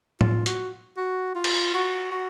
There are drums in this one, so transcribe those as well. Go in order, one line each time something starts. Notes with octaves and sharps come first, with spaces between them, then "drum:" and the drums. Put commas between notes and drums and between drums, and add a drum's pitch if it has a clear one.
F4, drum: tom A2
F#4, drum: hi-hat
F#4
F4
drum: cymbal
F#4
F#4